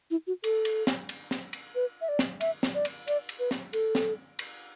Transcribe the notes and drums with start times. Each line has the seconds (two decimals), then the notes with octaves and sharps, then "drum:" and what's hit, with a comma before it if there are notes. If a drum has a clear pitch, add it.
0.11 E4
0.27 F#4
0.44 A4, drum: cymbal
0.65 drum: cymbal
0.87 drum: snare
1.09 drum: cymbal
1.31 drum: snare
1.53 drum: cymbal
1.75 B4
2.01 E5
2.09 D5
2.19 drum: snare
2.41 E5, drum: cymbal
2.63 drum: snare
2.75 D5
2.85 drum: cymbal
3.07 D5, drum: cymbal
3.29 drum: cymbal
3.39 B4
3.51 drum: snare
3.73 A4, drum: cymbal
3.95 drum: snare
4.39 drum: cymbal